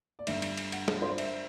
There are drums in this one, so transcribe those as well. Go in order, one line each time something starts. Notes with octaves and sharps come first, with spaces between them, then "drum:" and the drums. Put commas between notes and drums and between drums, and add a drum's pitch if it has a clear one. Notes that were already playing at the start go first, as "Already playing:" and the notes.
D5
G1 G2 D3 E5, drum: cymbal
drum: cymbal
drum: cymbal
F#5, drum: cymbal
drum: snare
C5
D5
E5, drum: cymbal